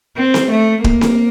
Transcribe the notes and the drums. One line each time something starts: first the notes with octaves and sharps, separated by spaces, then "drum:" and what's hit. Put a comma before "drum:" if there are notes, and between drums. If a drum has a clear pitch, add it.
C4
drum: snare C4
A3
A#3, drum: kick
drum: snare C4